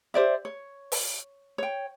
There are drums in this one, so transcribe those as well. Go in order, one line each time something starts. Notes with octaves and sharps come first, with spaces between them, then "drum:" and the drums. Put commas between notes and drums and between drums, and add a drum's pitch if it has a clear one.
G4 C5 D5 E5
C#5
drum: open hi-hat
C#5 G5